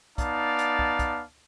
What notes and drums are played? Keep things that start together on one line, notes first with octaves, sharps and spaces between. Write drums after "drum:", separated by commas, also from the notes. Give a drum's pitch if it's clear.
B3 D#4 D5 F5 A5, drum: kick, hi-hat
drum: hi-hat
drum: kick
drum: kick, hi-hat